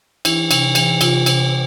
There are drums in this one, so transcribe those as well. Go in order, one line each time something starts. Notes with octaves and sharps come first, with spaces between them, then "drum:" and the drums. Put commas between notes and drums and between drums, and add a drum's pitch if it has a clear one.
E3 E4, drum: cymbal
C3, drum: cymbal
E3, drum: cymbal
C3 F4, drum: cymbal
C3, drum: cymbal